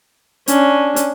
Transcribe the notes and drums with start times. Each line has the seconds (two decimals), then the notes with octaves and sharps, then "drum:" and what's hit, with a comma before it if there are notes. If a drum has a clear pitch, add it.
0.48 C#4 D4, drum: hi-hat
0.96 drum: hi-hat